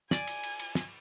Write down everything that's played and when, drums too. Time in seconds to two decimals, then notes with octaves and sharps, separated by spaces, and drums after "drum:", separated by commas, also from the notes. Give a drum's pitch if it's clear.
0.11 D5 G#5, drum: snare
0.27 drum: cymbal
0.43 drum: cymbal
0.59 drum: cymbal
0.75 drum: snare